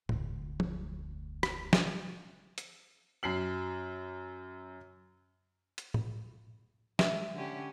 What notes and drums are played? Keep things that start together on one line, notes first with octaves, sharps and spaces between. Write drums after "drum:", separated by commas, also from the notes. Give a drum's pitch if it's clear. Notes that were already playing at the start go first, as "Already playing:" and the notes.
F1 D2, drum: tom
drum: tom F3
drum: rim click
drum: snare
drum: hi-hat
F#2 C7 F#7
drum: hi-hat
drum: tom
G#3 E5, drum: snare
D3 C#4 G4